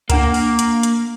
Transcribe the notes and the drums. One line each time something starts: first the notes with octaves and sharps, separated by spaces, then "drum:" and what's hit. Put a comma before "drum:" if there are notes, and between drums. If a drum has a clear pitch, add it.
A#3 D4 F#5 A#5, drum: kick C#2, hi-hat
drum: open hi-hat
drum: hi-hat
drum: hi-hat